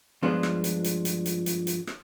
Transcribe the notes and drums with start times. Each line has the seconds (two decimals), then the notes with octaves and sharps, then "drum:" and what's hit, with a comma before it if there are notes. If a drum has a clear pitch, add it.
0.23 G2 F3 G#3 B3 D4 F4
0.43 drum: rim click
0.64 drum: hi-hat
0.84 drum: hi-hat
1.05 drum: hi-hat
1.26 drum: hi-hat
1.46 drum: hi-hat
1.67 drum: hi-hat
1.87 drum: rim click